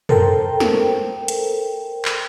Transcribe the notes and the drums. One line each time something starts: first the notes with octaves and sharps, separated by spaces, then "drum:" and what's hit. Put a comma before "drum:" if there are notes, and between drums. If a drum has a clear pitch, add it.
A4 A#4 C5 G5, drum: tom
drum: snare
drum: hi-hat
drum: clap